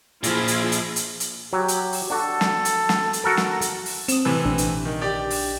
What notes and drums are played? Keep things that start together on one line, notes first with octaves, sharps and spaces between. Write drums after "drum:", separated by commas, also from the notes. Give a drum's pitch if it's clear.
A#2 F3 E4 F4 G#4, drum: hi-hat
drum: hi-hat
drum: hi-hat
drum: hi-hat
drum: hi-hat
F#3 G4
drum: hi-hat
drum: open hi-hat
D4 F#4 A4
drum: snare
drum: hi-hat
drum: snare
drum: hi-hat
F#4 A4 A#4
drum: snare
drum: hi-hat
drum: open hi-hat
C4 D#6 E7, drum: hi-hat
A2 C3 E3 B4 A5 E6
A#1 D4
drum: hi-hat
D#3
G4 D5
drum: open hi-hat